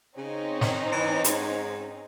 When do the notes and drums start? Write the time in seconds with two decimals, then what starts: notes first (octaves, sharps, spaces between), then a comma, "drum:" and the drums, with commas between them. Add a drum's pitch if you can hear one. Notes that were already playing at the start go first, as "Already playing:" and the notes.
0.17 C#3 C4 C#4 D#4
0.61 D#3, drum: snare
0.92 E3
1.24 G#2, drum: hi-hat